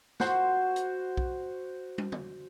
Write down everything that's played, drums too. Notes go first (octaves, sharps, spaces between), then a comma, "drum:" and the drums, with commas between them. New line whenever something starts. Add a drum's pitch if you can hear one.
F#4 C5 C6, drum: snare
drum: hi-hat
drum: kick B1
drum: tom
drum: tom